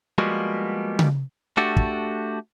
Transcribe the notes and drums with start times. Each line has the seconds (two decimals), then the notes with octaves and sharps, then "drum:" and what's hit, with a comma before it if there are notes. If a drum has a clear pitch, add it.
0.18 F3 G3 G#3 A#3 B3 F#4
0.99 drum: tom C#3
1.57 A3 D4 F#4 G4 A4
1.77 drum: kick